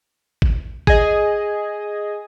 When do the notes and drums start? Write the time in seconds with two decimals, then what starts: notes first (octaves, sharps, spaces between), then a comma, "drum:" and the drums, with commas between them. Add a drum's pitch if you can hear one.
0.42 drum: kick G#1
0.87 G#4 D#5, drum: kick G#1